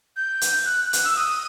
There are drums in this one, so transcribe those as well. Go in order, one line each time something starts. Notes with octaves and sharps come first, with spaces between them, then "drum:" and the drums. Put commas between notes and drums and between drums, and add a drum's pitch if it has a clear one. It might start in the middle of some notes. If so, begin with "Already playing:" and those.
G6
drum: hi-hat
F#6
F#6, drum: hi-hat
E6
D#6